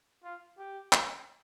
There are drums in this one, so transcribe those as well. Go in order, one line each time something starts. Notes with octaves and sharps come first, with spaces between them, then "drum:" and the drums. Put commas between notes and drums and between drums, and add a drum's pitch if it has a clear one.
F4
G4
drum: clap